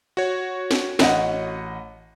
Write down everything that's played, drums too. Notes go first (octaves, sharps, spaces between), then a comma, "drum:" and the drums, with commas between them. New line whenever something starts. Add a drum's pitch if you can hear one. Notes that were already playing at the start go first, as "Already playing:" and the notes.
F#4 C#5
drum: snare
A1 D#5 F#5, drum: snare